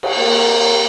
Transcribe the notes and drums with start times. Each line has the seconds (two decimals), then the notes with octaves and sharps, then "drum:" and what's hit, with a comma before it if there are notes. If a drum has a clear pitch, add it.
0.03 drum: cymbal
0.17 A#3